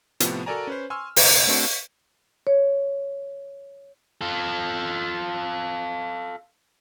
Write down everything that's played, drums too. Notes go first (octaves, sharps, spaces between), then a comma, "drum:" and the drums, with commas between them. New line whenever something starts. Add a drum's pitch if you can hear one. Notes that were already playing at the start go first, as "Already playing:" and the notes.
A2 C3 F3 B3, drum: hi-hat
F#4 A4 A#4 D5 G#5 A#5
C#4 B4 C5
G#5 C6 C#6 E6 F6
G1 C2 A#5 D6 A#6, drum: open hi-hat
A3 C4 D4 F#4
C#5
F4 A4